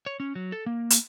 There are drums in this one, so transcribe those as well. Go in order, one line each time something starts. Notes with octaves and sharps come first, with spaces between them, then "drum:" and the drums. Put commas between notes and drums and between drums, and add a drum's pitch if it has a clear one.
C#5
C#4
F#3
A4
A#3
drum: hi-hat